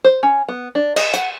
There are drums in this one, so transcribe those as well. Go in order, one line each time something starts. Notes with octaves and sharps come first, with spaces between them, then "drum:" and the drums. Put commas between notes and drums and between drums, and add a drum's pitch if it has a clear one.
C5
C#4
B3
D4
D#5, drum: cymbal
F#5, drum: hi-hat